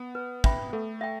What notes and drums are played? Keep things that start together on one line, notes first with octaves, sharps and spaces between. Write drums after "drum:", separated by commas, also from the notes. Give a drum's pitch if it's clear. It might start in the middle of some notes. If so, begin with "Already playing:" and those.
Already playing: B3
B4
E5 G5 B5, drum: kick
A3 A4
E5 G5